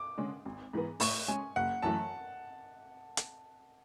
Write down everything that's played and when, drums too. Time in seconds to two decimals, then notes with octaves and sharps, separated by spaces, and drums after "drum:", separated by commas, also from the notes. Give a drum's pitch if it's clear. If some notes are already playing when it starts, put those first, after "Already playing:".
Already playing: D6
0.17 D3 G#3 C#4
0.45 G#1
0.73 G#2 E3 B3
1.00 A2 C#6, drum: open hi-hat
1.28 G#3 C#4 G#5
1.56 F#1 F#5
1.82 F#2 E3 A3 A5
3.17 drum: hi-hat